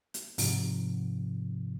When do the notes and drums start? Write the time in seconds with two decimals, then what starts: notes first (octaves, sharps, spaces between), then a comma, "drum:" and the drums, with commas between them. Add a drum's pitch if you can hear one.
0.14 drum: hi-hat
0.38 G#2 C3 F3, drum: open hi-hat